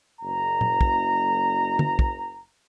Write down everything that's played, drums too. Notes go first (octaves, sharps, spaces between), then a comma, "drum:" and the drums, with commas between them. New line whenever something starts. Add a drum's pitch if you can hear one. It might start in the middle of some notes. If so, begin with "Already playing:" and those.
F#1 A#5
drum: tom A#2
drum: kick
drum: tom
drum: kick